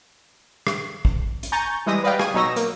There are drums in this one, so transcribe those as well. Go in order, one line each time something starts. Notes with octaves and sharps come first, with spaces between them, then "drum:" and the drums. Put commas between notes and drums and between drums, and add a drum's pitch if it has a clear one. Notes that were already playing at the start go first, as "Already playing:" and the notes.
drum: rim click
drum: kick
drum: hi-hat
G#5 A#5 C#6 G6 A6
E3 G3 G#3 D#6 A#6
B4 D5 D#5 F5 G5
G#5 D#6, drum: rim click
B2 F#3 D#4 C#5 E6 A#6
A#3, drum: hi-hat